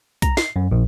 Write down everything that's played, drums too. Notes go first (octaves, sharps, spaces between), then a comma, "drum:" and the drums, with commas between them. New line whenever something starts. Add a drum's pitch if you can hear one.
A#5, drum: kick B1, hi-hat
C7, drum: snare
F#2
A#1